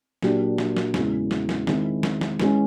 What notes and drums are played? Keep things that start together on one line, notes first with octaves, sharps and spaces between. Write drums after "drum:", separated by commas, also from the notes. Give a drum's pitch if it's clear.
A#2 F#3 A#3 D4 G4, drum: snare
drum: snare
drum: snare
E2 C#3 E3 G#3, drum: snare
drum: snare
drum: snare
D#3 G#3 C4 E4, drum: snare
drum: snare
drum: snare
E3 G#3 C#4, drum: snare